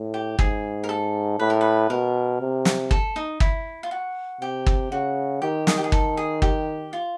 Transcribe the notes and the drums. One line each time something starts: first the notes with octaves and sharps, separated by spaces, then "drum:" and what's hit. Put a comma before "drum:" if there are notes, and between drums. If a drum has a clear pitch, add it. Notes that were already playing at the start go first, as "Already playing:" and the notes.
Already playing: A2
G4
G#2 G#4, drum: kick
A#4
A4
A2 B4
A#4
B4
B2 A#4
C3
drum: snare
A4, drum: kick
D#4
E4, drum: kick
F4
F#4
C3 G4
drum: kick
C#3 F#4
D#3 G4
G#4, drum: snare
G4
G#4
A4, drum: kick
G#4
G4, drum: kick
F4